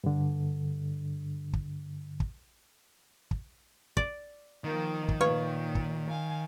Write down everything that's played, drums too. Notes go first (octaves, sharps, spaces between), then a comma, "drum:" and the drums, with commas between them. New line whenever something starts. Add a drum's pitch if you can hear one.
G2 D3
drum: kick
drum: kick
drum: kick
D5, drum: kick
D#3 F3 A#3
drum: kick
A#2 B4 C#5 F5
drum: kick
F5 G#5